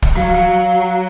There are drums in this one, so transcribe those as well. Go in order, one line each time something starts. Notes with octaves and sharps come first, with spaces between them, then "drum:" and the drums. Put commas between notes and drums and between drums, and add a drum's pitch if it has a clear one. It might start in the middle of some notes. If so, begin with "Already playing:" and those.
drum: kick
F#3 F5
F#3